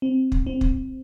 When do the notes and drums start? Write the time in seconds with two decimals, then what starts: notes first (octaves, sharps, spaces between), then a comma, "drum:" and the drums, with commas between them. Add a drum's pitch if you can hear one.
0.02 C4
0.32 drum: kick
0.47 C4
0.61 drum: kick